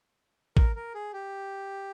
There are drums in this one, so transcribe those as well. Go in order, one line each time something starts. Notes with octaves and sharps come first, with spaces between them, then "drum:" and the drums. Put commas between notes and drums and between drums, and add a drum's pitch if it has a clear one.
A#4, drum: kick
A#4
G#4
G4